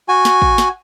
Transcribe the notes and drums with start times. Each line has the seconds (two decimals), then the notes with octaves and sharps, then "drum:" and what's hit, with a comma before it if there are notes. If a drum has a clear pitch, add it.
0.09 F#4 G#5
0.25 drum: snare
0.42 drum: kick
0.58 drum: snare